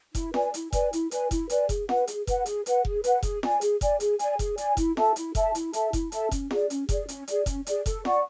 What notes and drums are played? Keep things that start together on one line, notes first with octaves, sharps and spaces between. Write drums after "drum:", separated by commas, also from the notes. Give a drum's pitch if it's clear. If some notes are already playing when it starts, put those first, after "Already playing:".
E4, drum: kick F1, hi-hat
B4 D5 G#5, drum: snare F4
E4, drum: hi-hat
B4 D5 G#5, drum: kick F1, hi-hat
E4, drum: hi-hat
B4 D5 G#5, drum: hi-hat
E4, drum: kick F1, hi-hat
B4 D5 G#5, drum: hi-hat
G#4, drum: kick F1, hi-hat
B4 F#5, drum: snare F4
G#4, drum: hi-hat
B4 F#5, drum: kick F1, hi-hat
G#4, drum: hi-hat
B4 F#5, drum: hi-hat
G#4, drum: kick F1
B4 F#5, drum: hi-hat
G#4, drum: kick F1, hi-hat
D5 G#5, drum: snare F4
G#4, drum: hi-hat
D5 G#5, drum: kick F1, hi-hat
G#4, drum: hi-hat
D5 G#5, drum: hi-hat
G#4, drum: kick F1, hi-hat
D5 G#5, drum: hi-hat
E4, drum: kick F1, hi-hat
A4 E5 A5, drum: snare F4
E4, drum: hi-hat
A4 E5 A5, drum: kick F1, hi-hat
E4, drum: hi-hat
A4 E5 A5, drum: hi-hat
E4, drum: kick F1, hi-hat
A4 E5 A5, drum: hi-hat
C#4, drum: kick F1, hi-hat
G#4 D5, drum: snare F4
C#4, drum: hi-hat
G#4 D5, drum: kick F1, hi-hat
C#4, drum: hi-hat
G#4 D5, drum: hi-hat
C#4, drum: kick F1, hi-hat
G#4 D5, drum: hi-hat
A4, drum: kick F1, hi-hat
D5 F#5 C#6, drum: snare F4